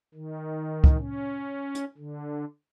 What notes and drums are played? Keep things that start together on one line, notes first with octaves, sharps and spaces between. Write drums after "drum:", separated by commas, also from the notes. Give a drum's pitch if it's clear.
D#3
drum: kick
C#4
drum: hi-hat
D3